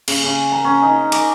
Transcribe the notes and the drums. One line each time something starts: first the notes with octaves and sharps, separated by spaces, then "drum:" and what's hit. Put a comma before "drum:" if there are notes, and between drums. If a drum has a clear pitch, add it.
C#3, drum: cymbal
C#3
A#5
C#4
D#4
D6, drum: cymbal